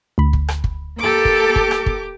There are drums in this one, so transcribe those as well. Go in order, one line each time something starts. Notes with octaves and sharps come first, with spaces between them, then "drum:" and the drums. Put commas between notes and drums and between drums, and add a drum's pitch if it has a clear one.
D2 B5
drum: kick
drum: rim click
drum: kick
A#3 G4 A4 D6
drum: kick
drum: kick
drum: rim click
drum: kick